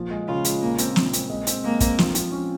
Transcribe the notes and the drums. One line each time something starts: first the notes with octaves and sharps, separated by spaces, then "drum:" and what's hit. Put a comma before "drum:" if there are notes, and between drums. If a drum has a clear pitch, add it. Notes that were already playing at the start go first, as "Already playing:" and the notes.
Already playing: A#2 F3
G#3
C#3 F4
G#3, drum: hi-hat
A#2 A#3
C4, drum: hi-hat
A#2, drum: snare
C4, drum: hi-hat
G#3
C4, drum: hi-hat
G#3 A#3
C4, drum: kick, hi-hat
F3, drum: snare
F3, drum: hi-hat
C#4